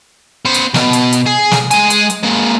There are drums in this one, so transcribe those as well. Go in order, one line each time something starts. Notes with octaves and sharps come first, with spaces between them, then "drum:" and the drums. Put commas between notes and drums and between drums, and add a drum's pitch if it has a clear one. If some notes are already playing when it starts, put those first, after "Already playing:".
B3 C5
drum: hi-hat
B2, drum: snare
drum: hi-hat
drum: hi-hat
G#4
drum: snare
G#3 G#5, drum: hi-hat
drum: hi-hat
drum: hi-hat
G#3 A#3